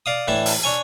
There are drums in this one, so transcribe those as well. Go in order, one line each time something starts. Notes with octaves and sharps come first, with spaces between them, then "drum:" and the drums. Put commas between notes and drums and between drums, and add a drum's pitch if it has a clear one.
D5 F5 D#6
A2 E3 D4 E4 A5
drum: open hi-hat
D4 C#5 G#5